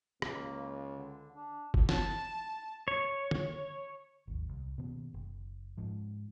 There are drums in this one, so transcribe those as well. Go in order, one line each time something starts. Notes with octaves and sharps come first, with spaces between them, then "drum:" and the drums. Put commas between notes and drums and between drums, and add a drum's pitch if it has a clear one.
C#2 A#3, drum: rim click
D3
D4
drum: kick F#1
A5, drum: snare
C#5
drum: tom D3
G#1 D#2
C2
B2 D#3 A#3 B3
F#1
G#2 F3